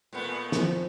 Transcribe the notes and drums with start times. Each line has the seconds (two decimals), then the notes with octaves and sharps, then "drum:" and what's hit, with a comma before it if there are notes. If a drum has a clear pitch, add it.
0.13 A#2 A3 B3
0.52 F3 C4, drum: snare